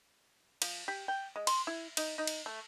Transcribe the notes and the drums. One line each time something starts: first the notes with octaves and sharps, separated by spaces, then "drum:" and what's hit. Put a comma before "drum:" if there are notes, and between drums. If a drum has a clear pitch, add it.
F3, drum: cymbal
G4
G5
G#3
C6, drum: cymbal
E4
D#4, drum: cymbal
D#4
drum: cymbal
A3